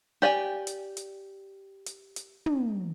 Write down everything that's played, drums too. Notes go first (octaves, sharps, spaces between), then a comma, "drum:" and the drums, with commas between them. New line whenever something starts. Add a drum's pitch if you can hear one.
G4 D5 G5 G#5
drum: hi-hat
drum: hi-hat
drum: hi-hat
drum: hi-hat
drum: tom